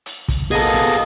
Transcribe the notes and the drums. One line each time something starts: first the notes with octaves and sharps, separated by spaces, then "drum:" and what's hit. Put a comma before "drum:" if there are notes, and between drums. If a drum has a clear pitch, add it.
drum: hi-hat
drum: kick, hi-hat
A#3 B3 G#4 A4 D#5
drum: snare